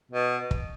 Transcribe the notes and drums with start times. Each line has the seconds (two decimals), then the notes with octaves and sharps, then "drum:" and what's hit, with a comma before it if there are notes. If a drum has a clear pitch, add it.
0.11 B2
0.51 drum: kick